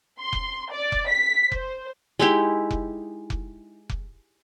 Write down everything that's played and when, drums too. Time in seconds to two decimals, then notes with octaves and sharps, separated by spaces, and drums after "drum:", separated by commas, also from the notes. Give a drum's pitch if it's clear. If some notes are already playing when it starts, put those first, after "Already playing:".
0.20 C6
0.33 drum: kick F1
0.72 D5
0.92 drum: kick F1
1.09 B6
1.52 C5, drum: kick F1
2.19 G#3 D#4 E4 G4
2.71 drum: kick F1
3.30 drum: kick F1
3.90 drum: kick F1